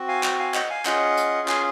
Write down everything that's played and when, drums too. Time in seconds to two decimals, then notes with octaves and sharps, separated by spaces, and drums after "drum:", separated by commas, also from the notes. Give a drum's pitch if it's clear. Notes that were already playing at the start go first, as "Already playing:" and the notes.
Already playing: C4 F#4
0.08 F5 G#5
0.23 drum: clap
0.39 F5 G#5
0.54 D#5 F#5, drum: clap
0.70 F5 G#5
0.85 C#4 F4 G#4 D#5 F#5, drum: clap
1.17 drum: hi-hat
1.48 F5 G#5, drum: clap